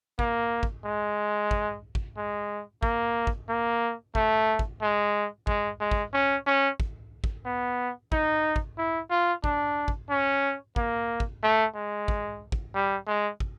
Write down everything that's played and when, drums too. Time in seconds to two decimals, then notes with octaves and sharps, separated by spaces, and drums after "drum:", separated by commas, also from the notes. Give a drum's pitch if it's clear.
0.19 A#3, drum: kick
0.63 drum: kick
0.85 G#3
1.51 drum: kick
1.95 drum: kick
2.17 G#3
2.83 A#3, drum: kick
3.27 drum: kick
3.49 A#3
4.15 A3, drum: kick
4.59 drum: kick
4.82 G#3
5.47 G#3, drum: kick
5.80 G#3
5.91 drum: kick
6.13 C#4
6.46 C#4
6.80 drum: kick
7.24 drum: kick
7.45 B3
8.12 D#4, drum: kick
8.56 drum: kick
8.77 E4
9.10 F4
9.44 D4, drum: kick
9.88 drum: kick
10.10 C#4
10.76 A#3, drum: kick
11.20 drum: kick
11.43 A3
11.75 G#3
12.08 drum: kick
12.52 drum: kick
12.74 G3
13.07 G#3
13.40 drum: kick